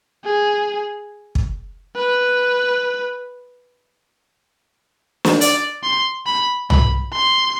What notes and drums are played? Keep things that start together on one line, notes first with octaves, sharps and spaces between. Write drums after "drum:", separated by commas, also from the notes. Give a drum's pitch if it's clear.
G#4
drum: kick
B4
drum: snare
D5, drum: hi-hat
C6
B5
B5, drum: tom C2
C6